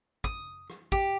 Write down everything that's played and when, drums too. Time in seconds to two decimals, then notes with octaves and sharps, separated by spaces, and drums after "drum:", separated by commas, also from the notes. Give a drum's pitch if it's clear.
0.24 D#6, drum: kick
0.70 drum: rim click
0.92 G4, drum: kick